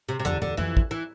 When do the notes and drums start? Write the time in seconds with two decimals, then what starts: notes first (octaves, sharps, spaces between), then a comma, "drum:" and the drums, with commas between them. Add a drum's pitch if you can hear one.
0.09 C3
0.20 C3
0.25 F2 D3, drum: hi-hat
0.34 E2
0.42 F2 D3
0.50 E2
0.57 F2 E3
0.77 drum: kick
0.91 E3